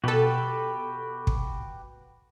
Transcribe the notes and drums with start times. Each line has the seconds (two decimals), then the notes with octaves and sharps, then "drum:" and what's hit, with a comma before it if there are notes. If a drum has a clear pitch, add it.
0.04 B2 F#4 G4 A4 B4
1.27 drum: kick